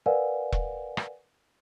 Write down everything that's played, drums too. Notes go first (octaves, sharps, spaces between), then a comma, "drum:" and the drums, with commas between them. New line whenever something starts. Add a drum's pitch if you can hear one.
A#4 B4 D5 F5 F#5 G#5
drum: kick E1
drum: rim click